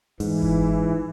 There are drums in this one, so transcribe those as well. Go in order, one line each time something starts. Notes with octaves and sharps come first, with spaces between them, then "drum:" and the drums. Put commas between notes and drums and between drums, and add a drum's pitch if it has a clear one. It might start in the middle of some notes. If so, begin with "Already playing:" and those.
G#2 E3, drum: open hi-hat
drum: kick G1